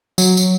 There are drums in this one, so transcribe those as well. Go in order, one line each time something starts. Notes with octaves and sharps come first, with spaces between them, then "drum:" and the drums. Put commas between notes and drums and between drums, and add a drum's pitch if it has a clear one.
F#3, drum: tambourine
drum: tambourine